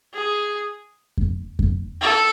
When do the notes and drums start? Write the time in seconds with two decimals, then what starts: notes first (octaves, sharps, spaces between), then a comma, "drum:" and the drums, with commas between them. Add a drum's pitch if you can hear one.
0.14 G#4
1.17 drum: kick F2
1.59 drum: kick F2
2.01 A4